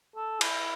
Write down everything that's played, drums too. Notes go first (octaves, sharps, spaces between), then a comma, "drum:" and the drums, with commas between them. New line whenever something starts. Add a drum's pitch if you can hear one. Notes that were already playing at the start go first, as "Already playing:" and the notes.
A4
E4, drum: cymbal